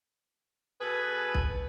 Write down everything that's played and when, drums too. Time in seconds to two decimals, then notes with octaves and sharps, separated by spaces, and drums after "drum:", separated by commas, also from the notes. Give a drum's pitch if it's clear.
0.80 B2 G#4 A4 B4
1.34 drum: kick B1